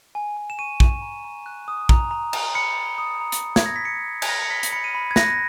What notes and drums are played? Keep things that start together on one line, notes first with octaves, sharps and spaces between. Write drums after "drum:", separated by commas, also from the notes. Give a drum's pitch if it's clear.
G#5
G#5
E7
C#6 D#7
C#6, drum: kick A#1
A#5
A#5
F#6
D#6
A#5, drum: kick A#1
A#5
A#5, drum: cymbal
B5 C#7
B5
D#6
A#5
drum: hi-hat
A#5
G#6, drum: snare
E6 A#6
B6
A#5 C#7
A#5
G#6, drum: cymbal
A#5 A#6
C#7
B5 B6
drum: hi-hat
B5 C#7
D#7
B5
G#6
F#6 A#6, drum: snare